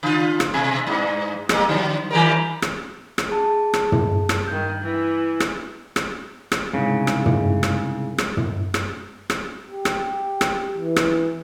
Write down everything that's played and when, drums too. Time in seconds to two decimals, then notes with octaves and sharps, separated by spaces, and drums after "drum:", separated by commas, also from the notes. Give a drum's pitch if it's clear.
0.03 C#3 F4
0.40 drum: rim click
0.54 B2
0.87 G2
1.49 G3 A#3, drum: rim click
1.69 D3 F#3
2.11 D#3 G3 A#4
2.62 drum: rim click
3.18 drum: rim click
3.29 G#4 A5
3.74 drum: rim click
3.92 drum: tom
4.29 drum: rim click
4.47 G2 D#3 G6
4.81 E3
5.40 drum: rim click
5.96 drum: rim click
6.52 drum: rim click
6.73 C2 G#2 C#3
7.07 drum: rim click
7.26 drum: tom
7.63 drum: rim click
8.18 drum: rim click
8.37 drum: tom
8.74 drum: rim click
9.30 drum: rim click
9.70 G4
9.85 drum: rim click
10.41 drum: rim click
10.77 E3
10.96 drum: rim click